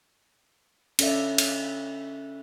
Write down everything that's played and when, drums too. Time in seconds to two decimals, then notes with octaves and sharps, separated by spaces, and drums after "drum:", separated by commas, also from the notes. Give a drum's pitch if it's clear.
0.99 C#4 A4 D5 E5, drum: cymbal
1.38 drum: cymbal